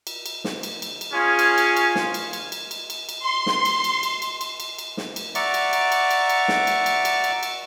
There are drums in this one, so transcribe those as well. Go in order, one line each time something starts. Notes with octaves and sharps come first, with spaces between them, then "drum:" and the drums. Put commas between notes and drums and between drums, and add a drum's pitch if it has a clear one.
drum: cymbal
drum: cymbal
drum: snare
drum: cymbal
drum: cymbal
drum: cymbal
C#4 F4 G#4 G#5 F6
drum: cymbal
drum: cymbal
drum: cymbal
drum: snare
drum: cymbal
drum: cymbal
drum: cymbal
drum: cymbal
drum: cymbal
drum: cymbal
C6
drum: snare
drum: cymbal
drum: cymbal
drum: cymbal
drum: cymbal
drum: cymbal
drum: cymbal
drum: cymbal
drum: snare
drum: cymbal
D5 E5 F#5 A#5 C#6 D6, drum: cymbal
drum: cymbal
drum: cymbal
drum: cymbal
drum: cymbal
drum: cymbal
drum: snare
drum: cymbal
drum: cymbal
drum: cymbal
drum: cymbal
drum: cymbal